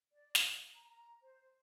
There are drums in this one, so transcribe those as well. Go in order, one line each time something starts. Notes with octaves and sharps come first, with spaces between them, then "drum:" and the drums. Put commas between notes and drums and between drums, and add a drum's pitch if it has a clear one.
D5
drum: snare
A#5
A#5
C5